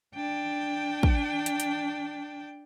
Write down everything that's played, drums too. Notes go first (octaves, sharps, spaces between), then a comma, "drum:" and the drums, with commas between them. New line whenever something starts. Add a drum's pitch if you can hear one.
D4 G5
drum: kick
drum: hi-hat
drum: hi-hat